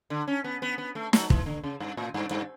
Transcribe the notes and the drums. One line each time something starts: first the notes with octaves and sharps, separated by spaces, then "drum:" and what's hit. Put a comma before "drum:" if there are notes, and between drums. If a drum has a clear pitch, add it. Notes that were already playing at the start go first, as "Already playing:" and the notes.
D3
C#4
B3
B3
B3
A3
F#3, drum: snare
E3, drum: kick
D3
C#3
G2
A2
G2
G2